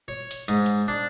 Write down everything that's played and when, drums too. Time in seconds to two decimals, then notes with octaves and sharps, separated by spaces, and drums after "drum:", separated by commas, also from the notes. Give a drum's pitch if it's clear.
0.08 C#5
0.31 drum: hi-hat
0.48 G#2, drum: hi-hat
0.66 drum: hi-hat
0.88 D4